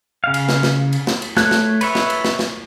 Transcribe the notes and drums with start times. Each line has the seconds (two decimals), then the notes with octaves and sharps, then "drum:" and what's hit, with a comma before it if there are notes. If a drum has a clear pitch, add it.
0.24 C#3 F5
0.34 drum: cymbal
0.49 drum: snare
0.63 drum: snare
0.93 drum: cymbal
1.07 drum: snare
1.22 drum: cymbal
1.37 A3 C#5 F#6, drum: snare
1.51 drum: snare
1.81 B4 C#5 E5, drum: cymbal
1.95 drum: snare
2.10 drum: cymbal
2.24 drum: snare
2.39 drum: snare